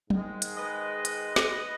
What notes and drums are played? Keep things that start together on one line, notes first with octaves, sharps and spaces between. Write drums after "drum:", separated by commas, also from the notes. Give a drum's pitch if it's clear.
G#2 D#3 G#3, drum: tom
drum: hi-hat
B4 D#5
drum: hi-hat
drum: snare